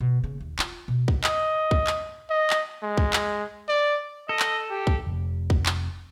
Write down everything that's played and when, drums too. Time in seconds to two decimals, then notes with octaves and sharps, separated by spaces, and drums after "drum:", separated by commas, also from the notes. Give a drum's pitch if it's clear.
0.01 B2
0.24 C#3
0.41 D#2
0.59 F4, drum: clap
0.88 B2
1.08 drum: kick
1.24 D#5, drum: clap
1.71 drum: kick
1.87 drum: clap
2.30 D#5
2.50 drum: clap
2.83 G#3
2.97 drum: kick
3.13 drum: clap
3.69 D5
4.29 A4 D#5
4.40 drum: clap
4.71 G4
4.87 drum: kick
5.07 F1 C3
5.50 drum: kick
5.66 drum: clap